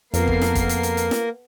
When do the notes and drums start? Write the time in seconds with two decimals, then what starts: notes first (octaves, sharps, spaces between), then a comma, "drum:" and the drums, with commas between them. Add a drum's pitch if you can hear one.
0.14 F2 A#3 B3 A4 A#4 C7, drum: hi-hat
0.28 drum: kick
0.41 drum: snare
0.55 drum: kick, hi-hat
0.69 drum: hi-hat
0.83 drum: hi-hat
0.97 drum: hi-hat
1.11 drum: snare